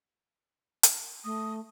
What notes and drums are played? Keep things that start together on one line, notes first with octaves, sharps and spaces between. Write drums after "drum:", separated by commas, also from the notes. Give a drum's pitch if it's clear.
drum: hi-hat
A3 D#6